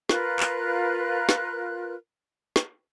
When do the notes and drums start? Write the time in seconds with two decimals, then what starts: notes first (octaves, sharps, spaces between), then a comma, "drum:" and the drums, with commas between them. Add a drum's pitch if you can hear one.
0.09 F4 A#4 B4 F#6, drum: snare
0.40 drum: clap
1.29 drum: snare
2.56 drum: snare